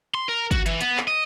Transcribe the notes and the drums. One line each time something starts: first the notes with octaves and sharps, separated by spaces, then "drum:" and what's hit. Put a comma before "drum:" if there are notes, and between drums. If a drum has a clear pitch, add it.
C6
A#4
F#4, drum: kick, hi-hat
E3, drum: hi-hat
B3, drum: hi-hat
drum: clap
D#5